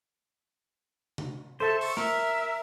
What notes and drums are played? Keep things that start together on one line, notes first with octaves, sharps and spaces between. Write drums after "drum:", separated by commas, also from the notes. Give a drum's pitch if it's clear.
drum: tom C3
A4 C5 E5
C#6, drum: open hi-hat
A#4 E5, drum: snare